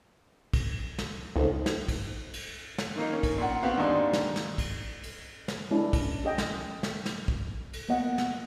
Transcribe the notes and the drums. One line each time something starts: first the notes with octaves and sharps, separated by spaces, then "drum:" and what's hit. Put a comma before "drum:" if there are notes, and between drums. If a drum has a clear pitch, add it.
drum: kick, cymbal
drum: snare
C#2 D#4 A4 C5
drum: snare
drum: kick, cymbal
drum: cymbal
drum: snare
D#3 A#3 D#4
C#4
drum: kick, cymbal
A#2 F#5
B3 C4 F#4 B4 F5 F#5
D#2 G#2 D4 D5 C6
drum: snare
drum: snare
drum: kick, cymbal
drum: cymbal
drum: snare
G#3 C#4 D4 E4 G#4
drum: kick, cymbal
C#4 G#4 D#5 G5
drum: snare
drum: snare
drum: snare
drum: kick
drum: cymbal
A#3 B3 D#5 F#5
drum: snare